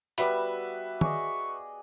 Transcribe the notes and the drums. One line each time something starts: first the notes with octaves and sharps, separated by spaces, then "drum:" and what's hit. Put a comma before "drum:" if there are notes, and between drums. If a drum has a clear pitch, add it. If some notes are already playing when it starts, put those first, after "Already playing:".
G3 B3 F#4 B4 E5 B5, drum: hi-hat
G#4 D5 D#5 C#6, drum: tom